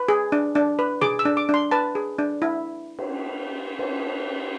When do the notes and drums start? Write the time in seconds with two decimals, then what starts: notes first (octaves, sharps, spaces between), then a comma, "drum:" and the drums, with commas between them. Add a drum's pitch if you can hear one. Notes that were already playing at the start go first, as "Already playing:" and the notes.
Already playing: B4
0.09 G#4
0.32 D4
0.55 D4
0.79 B4
1.01 G#4 D6, drum: tom B2
1.19 E6
1.25 D4
1.37 D6
1.49 D4
1.54 C6
1.71 B4 A5
1.95 G#4
2.18 D4
2.42 E4
2.99 drum: cymbal
3.79 drum: cymbal